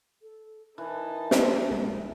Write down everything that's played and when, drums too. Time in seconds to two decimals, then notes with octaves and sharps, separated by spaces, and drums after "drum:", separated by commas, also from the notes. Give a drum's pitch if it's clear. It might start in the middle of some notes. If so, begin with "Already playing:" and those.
0.22 A4
0.78 E3 D#4 A#4 A5
1.31 drum: snare
1.71 A#1 G#3 B3